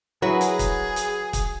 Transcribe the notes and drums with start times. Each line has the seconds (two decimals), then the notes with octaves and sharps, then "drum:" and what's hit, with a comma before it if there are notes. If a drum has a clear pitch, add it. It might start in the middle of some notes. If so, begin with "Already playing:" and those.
0.22 F#3 E4 F#4 G#4 A#4 B4
0.41 drum: hi-hat
0.59 drum: kick, hi-hat
0.96 drum: hi-hat
1.33 drum: kick, hi-hat